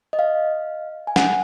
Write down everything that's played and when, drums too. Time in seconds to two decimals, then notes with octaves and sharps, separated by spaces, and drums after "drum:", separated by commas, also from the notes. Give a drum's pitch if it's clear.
0.13 D#5
0.19 F5
1.07 G#5
1.16 F#5, drum: snare